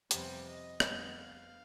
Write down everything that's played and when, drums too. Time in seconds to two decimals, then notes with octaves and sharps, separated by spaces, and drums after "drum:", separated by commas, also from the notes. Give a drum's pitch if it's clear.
0.11 F2 C3 G3 B3, drum: hi-hat
0.46 D#5
0.80 F2 D3 G3 B3 D#5, drum: rim click
1.15 F5